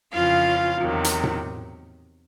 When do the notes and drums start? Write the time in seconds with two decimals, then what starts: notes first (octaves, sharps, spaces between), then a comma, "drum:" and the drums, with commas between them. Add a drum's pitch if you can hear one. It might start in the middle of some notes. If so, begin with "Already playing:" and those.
0.13 F2 C#3 E3 F4 F5
0.80 E2 C3 D#3 F#3
1.04 drum: hi-hat
1.24 drum: tom A2